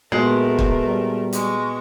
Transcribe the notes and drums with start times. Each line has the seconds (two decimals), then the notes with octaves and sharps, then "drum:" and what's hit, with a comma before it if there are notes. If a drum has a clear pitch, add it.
0.12 A#2 G#3 A3 B3 F#4 A#4
0.59 drum: kick
0.87 G3
1.33 G#3 C#6, drum: hi-hat